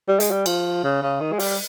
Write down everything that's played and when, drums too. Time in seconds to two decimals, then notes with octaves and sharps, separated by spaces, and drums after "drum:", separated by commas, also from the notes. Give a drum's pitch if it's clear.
0.08 G3
0.20 G#3, drum: hi-hat
0.31 G3
0.46 F3, drum: cymbal
0.84 C#3
1.02 C#3
1.21 D#3
1.32 G#3
1.39 G3, drum: open hi-hat